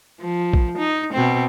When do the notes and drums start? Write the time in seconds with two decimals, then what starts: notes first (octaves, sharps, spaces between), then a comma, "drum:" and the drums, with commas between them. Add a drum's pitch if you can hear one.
0.21 F3
0.53 drum: kick A#1
0.78 D#4
1.13 B2 C4